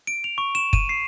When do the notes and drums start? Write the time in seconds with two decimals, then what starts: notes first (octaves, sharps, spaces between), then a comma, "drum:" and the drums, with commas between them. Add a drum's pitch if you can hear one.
0.07 D7
0.24 F7
0.38 C#6
0.55 E7
0.73 D#7, drum: kick F#1
0.89 C7